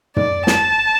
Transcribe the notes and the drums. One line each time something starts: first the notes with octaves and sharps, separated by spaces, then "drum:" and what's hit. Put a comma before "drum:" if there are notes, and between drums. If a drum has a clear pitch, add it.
D5, drum: tom
A5, drum: snare